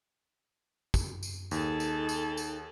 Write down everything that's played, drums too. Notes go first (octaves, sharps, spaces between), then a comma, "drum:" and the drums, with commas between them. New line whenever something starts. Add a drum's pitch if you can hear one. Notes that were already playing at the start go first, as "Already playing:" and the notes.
drum: kick, tambourine
drum: tambourine
D#2 D#4 G#4 A4, drum: tambourine
drum: tambourine
drum: tambourine
drum: tambourine